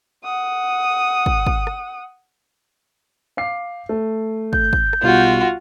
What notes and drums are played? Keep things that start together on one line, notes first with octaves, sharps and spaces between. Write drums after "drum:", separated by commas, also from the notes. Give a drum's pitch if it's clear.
F#5 D#6
drum: kick
drum: kick
drum: rim click
F5 D6 C7
A3
G6, drum: kick
drum: kick
drum: rim click
B1 G3 F4 F#4